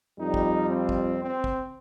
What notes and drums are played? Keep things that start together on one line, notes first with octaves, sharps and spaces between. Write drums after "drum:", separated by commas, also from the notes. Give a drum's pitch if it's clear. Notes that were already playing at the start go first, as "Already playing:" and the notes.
F2 G3 D#4
drum: kick
C4
drum: kick
C4
drum: kick